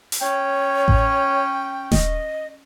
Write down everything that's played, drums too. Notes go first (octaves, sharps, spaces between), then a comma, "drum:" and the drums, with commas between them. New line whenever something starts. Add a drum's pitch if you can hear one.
drum: open hi-hat
C#4 C#5 G5
drum: kick A1
D#5, drum: snare D#1